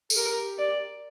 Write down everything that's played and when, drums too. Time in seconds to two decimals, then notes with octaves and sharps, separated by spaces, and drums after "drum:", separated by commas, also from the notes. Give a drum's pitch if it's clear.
0.10 A4, drum: tambourine
0.16 G4 A#4
0.58 D5